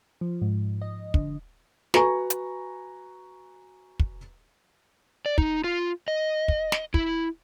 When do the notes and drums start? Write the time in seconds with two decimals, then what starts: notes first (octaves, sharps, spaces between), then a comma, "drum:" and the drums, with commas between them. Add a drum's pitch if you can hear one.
0.21 F3
0.42 G#2
0.82 D#5
1.14 D3, drum: kick
1.94 F#4 B4 G#5 A#5 C#6, drum: snare
2.30 drum: hi-hat
4.00 drum: kick
5.26 D5
5.38 D#4, drum: kick
5.64 F4
6.08 D#5
6.48 drum: kick
6.72 drum: snare
6.94 E4, drum: kick